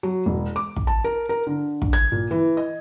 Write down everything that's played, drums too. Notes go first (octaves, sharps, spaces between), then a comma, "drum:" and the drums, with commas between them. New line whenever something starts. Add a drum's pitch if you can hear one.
F#3
E1
D6
drum: kick
A5
A#4
A#4
D3
drum: kick
G#6
A#2
E3
D#5